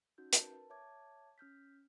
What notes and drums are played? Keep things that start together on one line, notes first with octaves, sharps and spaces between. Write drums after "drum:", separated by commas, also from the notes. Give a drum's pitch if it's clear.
C#4 D#4 F#4 G6
A#4 B4 A5, drum: hi-hat
C#5 E5 A5 D6 G#6
C#4 F6 G6 B6